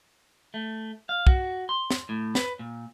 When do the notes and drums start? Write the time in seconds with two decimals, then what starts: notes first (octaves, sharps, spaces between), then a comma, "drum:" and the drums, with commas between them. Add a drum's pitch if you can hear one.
0.54 A3
1.09 F5
1.27 F#4, drum: kick
1.69 C6
1.91 drum: snare
2.09 A2
2.35 B4, drum: snare
2.59 A#2